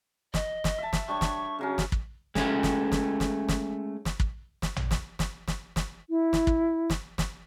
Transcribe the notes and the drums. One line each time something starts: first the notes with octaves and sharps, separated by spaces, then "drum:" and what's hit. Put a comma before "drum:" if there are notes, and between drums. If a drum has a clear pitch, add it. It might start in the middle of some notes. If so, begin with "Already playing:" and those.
D#5, drum: snare
drum: snare
E5 A5
drum: snare
G3 D4 C#5 C#6
drum: snare
C#3 F#3 C#4
drum: snare
drum: kick
G#3 A3 C#4, drum: snare
drum: snare
drum: snare
drum: snare
drum: snare
drum: snare
drum: kick
drum: snare
drum: tom A1
drum: snare
drum: snare
drum: snare
drum: snare
E4
drum: snare
drum: kick
drum: snare
drum: snare